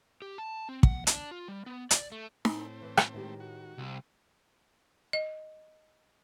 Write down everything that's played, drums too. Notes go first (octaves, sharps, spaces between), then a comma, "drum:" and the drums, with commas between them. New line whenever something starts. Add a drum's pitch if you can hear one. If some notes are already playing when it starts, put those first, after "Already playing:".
G4
A5
C4
F#5, drum: kick
D4, drum: hi-hat
F4
G3
B3
D5, drum: hi-hat
A3
A2 A3 C4, drum: snare D#4
E3
drum: rim click
D#3 G#3 G4
F#4
C2
D#5